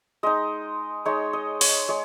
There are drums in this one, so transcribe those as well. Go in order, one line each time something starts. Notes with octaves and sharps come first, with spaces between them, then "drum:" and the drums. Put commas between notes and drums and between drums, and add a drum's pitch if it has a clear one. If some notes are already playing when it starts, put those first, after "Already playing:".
G#3 D#4 D#5
G#3 D#4 C#5
D#5
C#5, drum: open hi-hat
G#3 C#5